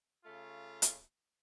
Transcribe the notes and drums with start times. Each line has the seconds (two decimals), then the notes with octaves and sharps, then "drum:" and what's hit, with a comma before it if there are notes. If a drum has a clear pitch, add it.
0.25 C#3 A3 F4
0.82 drum: hi-hat